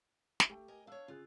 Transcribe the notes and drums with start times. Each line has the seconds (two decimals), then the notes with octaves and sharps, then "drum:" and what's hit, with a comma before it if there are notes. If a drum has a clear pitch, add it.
0.40 drum: snare
0.49 A3 G4 G5
0.68 A#4 D#5 G#5
0.87 D4 C#5 F5 E6
1.08 C#3 F4 G#4 F#6